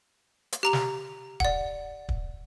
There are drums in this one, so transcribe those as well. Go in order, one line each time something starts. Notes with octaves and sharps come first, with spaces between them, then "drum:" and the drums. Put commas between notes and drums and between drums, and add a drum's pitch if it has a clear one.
drum: hi-hat
G4 A#5 F7
drum: snare
D5 F#5, drum: kick
drum: kick